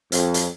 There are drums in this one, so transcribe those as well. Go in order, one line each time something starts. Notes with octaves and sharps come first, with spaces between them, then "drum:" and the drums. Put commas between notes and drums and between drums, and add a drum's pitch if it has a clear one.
F2, drum: hi-hat
drum: hi-hat